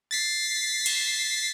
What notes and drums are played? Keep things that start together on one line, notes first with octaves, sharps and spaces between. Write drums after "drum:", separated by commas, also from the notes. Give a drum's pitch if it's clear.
A6 B6 C7
drum: cymbal